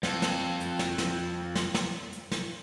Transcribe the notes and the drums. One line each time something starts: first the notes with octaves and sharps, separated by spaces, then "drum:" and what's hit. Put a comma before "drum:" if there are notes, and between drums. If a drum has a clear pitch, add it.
F2 A4, drum: snare
drum: snare
drum: hi-hat
drum: snare
drum: snare
drum: snare
drum: snare
drum: hi-hat
drum: snare